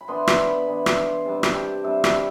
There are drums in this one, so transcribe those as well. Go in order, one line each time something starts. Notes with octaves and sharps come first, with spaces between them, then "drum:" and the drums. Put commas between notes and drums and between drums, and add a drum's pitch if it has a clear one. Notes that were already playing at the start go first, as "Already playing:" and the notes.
B5
E3 B3 D4 C6
drum: rim click
B5
E3 B3 D4 B5
drum: rim click
C6
C3 G3 D4 A5
A5, drum: rim click
G5
C3 G3 D4 E5
B5, drum: rim click